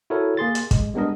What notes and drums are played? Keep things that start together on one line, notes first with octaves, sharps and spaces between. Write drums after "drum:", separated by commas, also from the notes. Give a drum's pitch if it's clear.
E4 F#4 A4 A#4 C#5
A#3 G#4 C6 A6
drum: hi-hat
G#3, drum: kick, hi-hat
G3 G#3 B3 D4 A#4 D#5